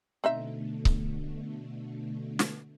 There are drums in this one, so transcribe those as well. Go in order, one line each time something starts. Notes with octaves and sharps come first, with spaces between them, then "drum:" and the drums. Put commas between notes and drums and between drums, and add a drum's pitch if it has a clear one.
B2 D3 A3 C4 D#4 E5
drum: kick C#1
drum: snare